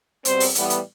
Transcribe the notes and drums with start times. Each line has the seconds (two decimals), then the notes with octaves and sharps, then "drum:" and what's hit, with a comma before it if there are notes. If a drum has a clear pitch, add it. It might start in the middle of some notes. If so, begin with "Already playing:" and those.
0.25 B2 G3 C4 C5, drum: hi-hat
0.40 drum: open hi-hat
0.55 A2 E3 G3 B3, drum: hi-hat
0.70 drum: hi-hat